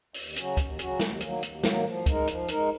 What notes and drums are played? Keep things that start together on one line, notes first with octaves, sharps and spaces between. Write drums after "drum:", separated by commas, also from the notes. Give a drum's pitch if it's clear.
D#2, drum: open hi-hat
C#3 F#3 C#4 F#4, drum: hi-hat
D#2, drum: kick, hi-hat
C#3 F#3 C#4 F#4, drum: hi-hat
D#2, drum: snare
D#3 F#3 A#3, drum: hi-hat
D#2, drum: hi-hat
D#3 F#3 A#3, drum: snare
F3
G#3 D#4 A#4, drum: kick, hi-hat
F3, drum: hi-hat
G#3 D#4 A#4, drum: hi-hat